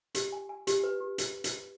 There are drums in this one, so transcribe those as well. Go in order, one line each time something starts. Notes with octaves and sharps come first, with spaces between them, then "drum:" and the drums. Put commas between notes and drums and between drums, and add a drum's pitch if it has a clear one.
G4, drum: hi-hat
G#5
G#5
G4, drum: hi-hat
B4
G4
drum: hi-hat
drum: hi-hat